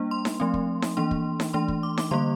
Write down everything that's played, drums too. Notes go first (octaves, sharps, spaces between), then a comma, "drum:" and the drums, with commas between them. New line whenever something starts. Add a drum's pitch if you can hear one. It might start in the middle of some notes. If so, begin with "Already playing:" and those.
Already playing: G3 A#3 D4
C6
drum: snare D#4
F3 A3 C4
drum: kick
drum: snare D#4
E3 A#3 D4 C6
drum: kick
drum: snare D#4
E3 A3 D4 C6
drum: kick
D6
D6, drum: snare D#4
D3 G3 A#3 C6